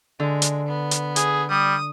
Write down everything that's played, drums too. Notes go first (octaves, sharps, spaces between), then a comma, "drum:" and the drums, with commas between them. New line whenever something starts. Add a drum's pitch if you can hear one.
D3 G#3
drum: hi-hat
B3
drum: hi-hat
G#4, drum: hi-hat
G3 D#6